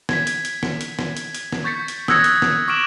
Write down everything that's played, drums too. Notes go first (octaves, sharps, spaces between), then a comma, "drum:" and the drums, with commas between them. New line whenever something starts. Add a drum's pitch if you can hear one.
G#6 B6, drum: snare
drum: hi-hat
drum: hi-hat
drum: snare
drum: hi-hat
drum: snare
drum: hi-hat
drum: hi-hat
drum: snare
C#6 G6 A6 B6 C#7
drum: hi-hat
D#6 E6 F#6 G#6 A#6 C#7, drum: snare
drum: hi-hat
drum: snare
C#6 D6 F6 D7 E7 F#7